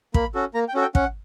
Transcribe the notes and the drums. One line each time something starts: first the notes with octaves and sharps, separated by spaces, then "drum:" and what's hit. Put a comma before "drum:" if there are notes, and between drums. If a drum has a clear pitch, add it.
A#3 B5, drum: kick
C#4 F#4 A4
A#3 A#5
G5
C#4 F#4 A4
G5
C#4 F#5, drum: kick